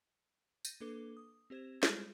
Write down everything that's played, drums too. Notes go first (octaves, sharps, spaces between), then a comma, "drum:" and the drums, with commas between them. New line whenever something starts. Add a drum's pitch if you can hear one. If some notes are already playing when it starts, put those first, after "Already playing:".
G6 A6 A#6 D#7, drum: tambourine
A#3 D4 A4 B4 D6 G7
D#6
C4 G4 C5 G#6 E7
G3 G#3 F4 G#4 C5, drum: snare